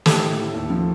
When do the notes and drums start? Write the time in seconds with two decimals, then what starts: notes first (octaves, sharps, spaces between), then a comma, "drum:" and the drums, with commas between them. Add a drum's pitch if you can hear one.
0.06 A2 G4 A4, drum: snare
0.22 A3
0.38 A2
0.54 D#2
0.70 F3